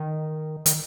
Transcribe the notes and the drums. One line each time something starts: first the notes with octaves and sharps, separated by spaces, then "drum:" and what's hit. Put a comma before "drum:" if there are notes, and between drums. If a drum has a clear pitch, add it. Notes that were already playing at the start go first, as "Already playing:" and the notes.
Already playing: D#3
D#3, drum: hi-hat